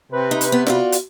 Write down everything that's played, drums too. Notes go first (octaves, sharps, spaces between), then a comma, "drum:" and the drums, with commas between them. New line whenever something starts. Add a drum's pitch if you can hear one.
C3 B4
D#4
drum: hi-hat
B3
F4 F#4 D5, drum: snare
drum: hi-hat